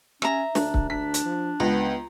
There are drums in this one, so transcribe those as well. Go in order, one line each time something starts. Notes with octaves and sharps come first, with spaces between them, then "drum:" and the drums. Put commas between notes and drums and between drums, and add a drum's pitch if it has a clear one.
C#4 E5 A#5, drum: rim click
D2 D4, drum: snare
drum: kick C#1
D4 B6
drum: hi-hat
F3
C#2 B3 A#5